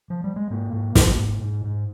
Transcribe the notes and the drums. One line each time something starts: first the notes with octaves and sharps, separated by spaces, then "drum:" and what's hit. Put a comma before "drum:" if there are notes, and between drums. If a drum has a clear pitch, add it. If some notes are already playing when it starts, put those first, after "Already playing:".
F3
G3
G#3
G#2 A#3
G#2
G#2, drum: snare
G#2
G#2
G#2